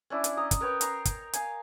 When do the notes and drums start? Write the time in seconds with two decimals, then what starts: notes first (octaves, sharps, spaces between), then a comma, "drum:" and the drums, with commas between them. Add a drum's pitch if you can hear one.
0.10 C#4 D4 E4
0.24 drum: hi-hat
0.37 D#5 A#5 D#6
0.51 drum: kick, hi-hat
0.61 A#4 B4 C#5 G5
0.81 C#5 A#5 C6, drum: hi-hat
1.05 drum: kick, hi-hat
1.33 F5 G#5, drum: hi-hat